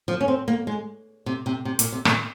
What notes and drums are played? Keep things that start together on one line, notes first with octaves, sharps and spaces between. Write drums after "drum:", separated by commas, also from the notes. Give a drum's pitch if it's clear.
F3
C#4
C4
A#3
G#3
C3
C3
C3
A#2, drum: hi-hat
C3
A#2, drum: rim click